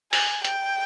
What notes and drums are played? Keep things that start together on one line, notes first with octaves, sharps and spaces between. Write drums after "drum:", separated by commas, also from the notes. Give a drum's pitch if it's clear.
G#5, drum: open hi-hat
G5, drum: hi-hat